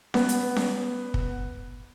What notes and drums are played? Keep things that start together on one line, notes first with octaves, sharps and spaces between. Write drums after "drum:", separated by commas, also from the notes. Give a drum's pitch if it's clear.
B3 B4, drum: snare C#4
drum: hi-hat
drum: snare C#4
drum: kick